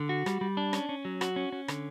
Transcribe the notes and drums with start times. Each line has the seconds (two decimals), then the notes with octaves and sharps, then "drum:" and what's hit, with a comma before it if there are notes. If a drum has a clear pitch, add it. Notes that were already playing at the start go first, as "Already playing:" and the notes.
Already playing: D3
0.09 F#4
0.26 G3, drum: rim click
0.41 G3
0.57 D4
0.73 C#4, drum: rim click
0.89 C#4
1.05 F#3
1.21 F#4, drum: rim click
1.36 C#4
1.52 C#4
1.68 D3, drum: rim click